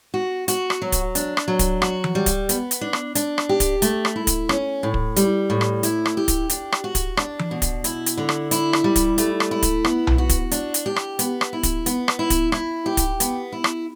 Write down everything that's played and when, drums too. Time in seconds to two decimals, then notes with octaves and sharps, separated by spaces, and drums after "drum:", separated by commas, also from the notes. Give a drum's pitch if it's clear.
0.14 F#4
0.48 F#4, drum: hi-hat
0.70 drum: rim click
0.82 F#3
0.92 drum: kick, hi-hat
1.15 D4, drum: hi-hat
1.37 drum: rim click
1.48 F#3
1.59 drum: kick, hi-hat
1.82 F#4, drum: rim click
2.04 drum: tom E3
2.15 G3
2.26 drum: kick, hi-hat
2.49 B3, drum: hi-hat
2.71 drum: hi-hat
2.81 D4
2.93 drum: rim click
3.15 D4, drum: hi-hat
3.38 drum: rim click
3.49 G4
3.60 drum: kick, hi-hat
3.82 A3, drum: hi-hat
4.05 drum: rim click
4.16 E4
4.27 drum: kick, hi-hat
4.49 C#4, drum: rim click
4.83 A2
4.94 drum: kick
5.16 G3, drum: hi-hat
5.50 A2
5.61 drum: rim click
5.83 E4, drum: hi-hat
6.06 drum: rim click
6.17 G4
6.28 drum: kick, hi-hat
6.50 D4, drum: hi-hat
6.72 drum: rim click
6.84 F#4
6.95 drum: kick, hi-hat
7.17 D4, drum: rim click
7.39 drum: tom E3
7.51 B2
7.62 drum: kick, hi-hat
7.84 E4, drum: hi-hat
8.06 drum: hi-hat
8.17 D3
8.29 drum: rim click
8.51 E4, drum: hi-hat
8.73 drum: rim click
8.84 G3
8.96 drum: kick, hi-hat
9.18 A3, drum: hi-hat
9.40 drum: rim click
9.51 E4
9.63 drum: kick, hi-hat
9.85 B3, drum: rim click
10.07 drum: tom B1
10.18 F#4
10.29 drum: kick, hi-hat
10.51 D4, drum: hi-hat
10.74 drum: hi-hat
10.86 G4
10.96 drum: rim click
11.19 B3, drum: hi-hat
11.41 drum: rim click
11.53 E4
11.63 drum: kick, hi-hat
11.86 B3, drum: hi-hat
12.08 drum: rim click
12.19 E4
12.30 drum: kick, hi-hat
12.52 E4, drum: rim click
12.86 G4
12.97 drum: kick, hi-hat
13.20 B3, drum: hi-hat
13.52 E4
13.64 drum: rim click